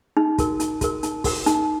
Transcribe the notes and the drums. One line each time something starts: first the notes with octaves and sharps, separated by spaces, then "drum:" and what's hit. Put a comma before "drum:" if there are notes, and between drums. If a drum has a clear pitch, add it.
D#4
F#4 A#4, drum: kick, hi-hat
D#4, drum: hi-hat
F#4 A#4, drum: kick, hi-hat
D#4, drum: hi-hat
F#4 A#4, drum: kick, open hi-hat
D#4, drum: hi-hat